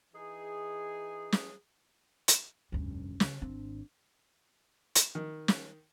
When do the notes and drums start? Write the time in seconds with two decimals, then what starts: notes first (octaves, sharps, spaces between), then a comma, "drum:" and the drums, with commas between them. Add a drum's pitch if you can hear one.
0.14 E3 D#4 G#4
1.32 drum: snare
2.28 drum: hi-hat
2.72 F1 D2 G2 C#4
3.20 C#3, drum: snare
3.42 G#1 C4 D4
4.95 drum: hi-hat
5.15 D#3
5.48 drum: snare